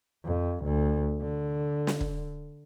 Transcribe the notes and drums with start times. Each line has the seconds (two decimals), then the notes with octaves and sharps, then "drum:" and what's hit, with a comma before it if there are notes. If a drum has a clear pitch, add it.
0.25 F2
0.64 D2
1.22 D3
1.87 drum: snare
2.00 drum: kick